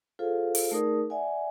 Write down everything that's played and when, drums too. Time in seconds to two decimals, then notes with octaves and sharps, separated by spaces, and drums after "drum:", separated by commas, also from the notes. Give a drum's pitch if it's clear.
0.19 F4 G#4 A4 C5 F5
0.55 drum: open hi-hat
0.71 A3 D#4 G#4 A#4 D5 D#6
1.10 D5 E5 F#5 G#5